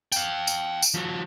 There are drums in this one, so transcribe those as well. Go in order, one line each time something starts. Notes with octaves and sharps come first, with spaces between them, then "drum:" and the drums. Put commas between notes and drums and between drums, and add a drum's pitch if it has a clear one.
F5 G5, drum: tambourine
drum: tambourine
drum: tambourine
F3 F#4